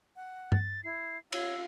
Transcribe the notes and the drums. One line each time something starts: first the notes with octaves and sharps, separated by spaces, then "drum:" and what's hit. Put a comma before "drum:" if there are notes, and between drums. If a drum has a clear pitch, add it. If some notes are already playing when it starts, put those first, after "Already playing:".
F#5
A6, drum: tom G2
E4 C7
F4 C#5 E6, drum: cymbal